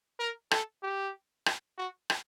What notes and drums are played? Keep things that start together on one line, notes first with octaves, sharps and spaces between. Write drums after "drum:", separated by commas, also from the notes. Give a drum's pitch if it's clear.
A#4
A4, drum: rim click
G4
drum: rim click
F#4
drum: rim click